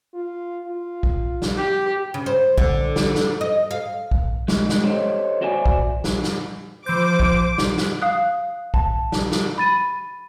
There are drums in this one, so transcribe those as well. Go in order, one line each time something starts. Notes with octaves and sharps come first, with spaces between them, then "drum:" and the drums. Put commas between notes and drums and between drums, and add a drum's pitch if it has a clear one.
F4
F4
drum: kick
drum: snare
G4
C#3
C5
D3, drum: kick
drum: snare
drum: snare
D#5
F5
drum: kick
G#3, drum: snare
drum: snare
G4 A4 C5 C#5 D#5
F#4 C5 D5 E5 G#5
drum: kick
drum: snare
drum: snare
E3 F3 C5 D6 G6
drum: kick
drum: snare
drum: snare
F5 D#6 F#6
A5, drum: kick
drum: snare
drum: snare
B5 A6 D#7